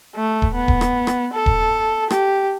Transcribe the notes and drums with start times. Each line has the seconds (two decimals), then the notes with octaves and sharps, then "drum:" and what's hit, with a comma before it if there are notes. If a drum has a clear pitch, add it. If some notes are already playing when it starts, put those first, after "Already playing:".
0.16 A3
0.42 drum: kick D#1
0.55 B3
0.68 drum: kick D#1
0.81 drum: rim click
1.07 drum: rim click
1.33 A4
1.46 drum: kick D#1
2.10 G4, drum: rim click